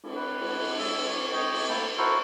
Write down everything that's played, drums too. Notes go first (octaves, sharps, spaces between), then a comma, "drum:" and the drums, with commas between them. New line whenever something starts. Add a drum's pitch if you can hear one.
drum: cymbal
B4
drum: cymbal
drum: cymbal
E5, drum: cymbal
drum: cymbal
C#5
C#5 D#5 G5, drum: cymbal
drum: cymbal
A3 A#3 E4 G5 A5
E4 F#4 A4 A#4 C5 C#6